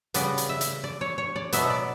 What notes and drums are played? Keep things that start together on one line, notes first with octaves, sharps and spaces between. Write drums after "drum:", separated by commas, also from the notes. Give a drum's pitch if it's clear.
C#3 G3 B3 D5, drum: hi-hat
drum: hi-hat
E5
drum: hi-hat
D5
C#5
C#5
D5
B2 F#3 B3 E5, drum: hi-hat
D5